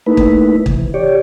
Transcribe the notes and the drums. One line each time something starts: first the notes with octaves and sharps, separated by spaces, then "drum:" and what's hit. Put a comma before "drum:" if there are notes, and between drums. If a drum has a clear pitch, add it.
A3 A#3 D#4 E4 B4
drum: kick
C3 E3, drum: kick
G4 C#5 D5